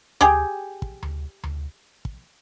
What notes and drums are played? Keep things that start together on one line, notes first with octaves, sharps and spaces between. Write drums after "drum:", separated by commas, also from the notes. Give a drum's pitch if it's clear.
G4 G#4, drum: tom D2
drum: kick
drum: tom D2
drum: tom D2
drum: kick